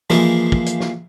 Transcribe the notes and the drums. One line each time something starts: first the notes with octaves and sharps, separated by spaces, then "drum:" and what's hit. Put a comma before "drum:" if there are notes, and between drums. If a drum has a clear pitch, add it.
E3 F3 G#3 A#3 E4, drum: snare
drum: kick
drum: hi-hat
drum: snare